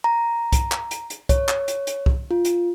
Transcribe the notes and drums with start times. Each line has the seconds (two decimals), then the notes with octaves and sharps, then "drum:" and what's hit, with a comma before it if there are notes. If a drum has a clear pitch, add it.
0.04 A#5
0.53 drum: kick C2, hi-hat
0.72 drum: clap
0.91 drum: hi-hat
1.10 drum: hi-hat
1.29 C#5, drum: kick C2, hi-hat
1.49 drum: clap
1.68 drum: hi-hat
1.87 drum: hi-hat
2.06 drum: kick C2
2.31 F4
2.45 drum: hi-hat